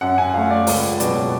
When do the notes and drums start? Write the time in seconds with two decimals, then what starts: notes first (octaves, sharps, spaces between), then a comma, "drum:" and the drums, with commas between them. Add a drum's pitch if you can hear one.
0.01 F#2 F#5
0.18 G#5
0.34 F3 A3 F5
0.51 D5
0.67 C#2, drum: open hi-hat
1.00 B2 F#3 B3 D5, drum: hi-hat